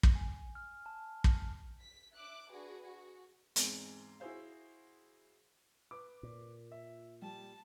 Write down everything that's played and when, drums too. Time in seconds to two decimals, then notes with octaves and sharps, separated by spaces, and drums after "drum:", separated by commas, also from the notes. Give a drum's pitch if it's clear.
0.03 drum: kick
0.15 G#5
0.55 F6
0.86 A5
1.24 drum: kick
1.81 B6
2.15 E5 D6 F#6
2.51 D4 F#4 G#4 B4
2.83 F#4 G#4
3.56 E2 G#2 G#3 C4 G#5, drum: hi-hat
4.20 E4 F#4 G#4 C5 F5
5.91 B4 D6
6.23 A#2
6.72 E5
7.22 G3 A5